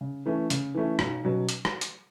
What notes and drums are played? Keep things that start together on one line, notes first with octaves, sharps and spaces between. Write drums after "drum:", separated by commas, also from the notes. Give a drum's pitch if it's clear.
C#3
E3 A3 C#4
C#3, drum: hi-hat
E3 A3 C#4
B1, drum: rim click
B2 F#3 C#4
drum: hi-hat
drum: rim click
drum: hi-hat